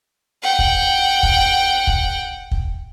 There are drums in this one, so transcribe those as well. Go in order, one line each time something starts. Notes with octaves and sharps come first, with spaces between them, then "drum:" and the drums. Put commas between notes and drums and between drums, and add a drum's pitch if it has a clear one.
F#5 G5
drum: kick
drum: kick
drum: kick
drum: kick